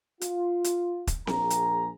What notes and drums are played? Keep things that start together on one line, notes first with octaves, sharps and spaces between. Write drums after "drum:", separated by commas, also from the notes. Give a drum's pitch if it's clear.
F4, drum: hi-hat
drum: hi-hat
drum: kick, hi-hat
A#1 F3 A#3 G#4 A#5, drum: snare C4
drum: hi-hat